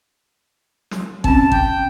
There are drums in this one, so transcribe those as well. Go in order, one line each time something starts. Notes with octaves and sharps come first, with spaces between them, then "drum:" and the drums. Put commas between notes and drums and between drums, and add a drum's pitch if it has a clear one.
drum: snare
C4 C#4 A5, drum: kick G#1
G5, drum: kick G#1